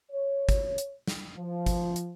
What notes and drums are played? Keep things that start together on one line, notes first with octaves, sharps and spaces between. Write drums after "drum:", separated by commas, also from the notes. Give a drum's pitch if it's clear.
C#5
drum: kick, hi-hat
drum: hi-hat
drum: snare
F3
drum: kick, hi-hat
drum: hi-hat